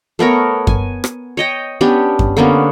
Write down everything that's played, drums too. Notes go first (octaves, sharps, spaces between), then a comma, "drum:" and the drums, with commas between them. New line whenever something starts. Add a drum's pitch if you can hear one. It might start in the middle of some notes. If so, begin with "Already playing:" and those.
A3 B3 A#4 C#5
G#5, drum: kick F#2
drum: rim click
C#5 D#5 G5
B3 C#4 D4 G4
drum: kick F#2
D3 A#3 B3 C#4